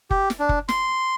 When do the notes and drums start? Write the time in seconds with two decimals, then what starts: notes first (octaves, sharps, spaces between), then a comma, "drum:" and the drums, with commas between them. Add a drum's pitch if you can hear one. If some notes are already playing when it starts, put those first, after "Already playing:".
0.11 G4, drum: kick F#1
0.30 drum: snare
0.39 D4
0.49 drum: kick F#1
0.69 C6, drum: snare